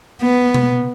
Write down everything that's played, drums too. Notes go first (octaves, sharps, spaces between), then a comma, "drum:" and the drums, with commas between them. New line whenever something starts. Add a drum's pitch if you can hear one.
B3
drum: tom B2